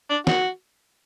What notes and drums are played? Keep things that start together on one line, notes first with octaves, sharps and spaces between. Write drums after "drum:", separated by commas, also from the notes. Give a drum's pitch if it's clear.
D4
F#4, drum: snare